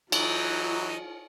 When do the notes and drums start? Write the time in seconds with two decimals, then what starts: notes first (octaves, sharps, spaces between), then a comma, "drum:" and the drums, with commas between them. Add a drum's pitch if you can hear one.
0.12 E3 F#3 D#4 F4, drum: cymbal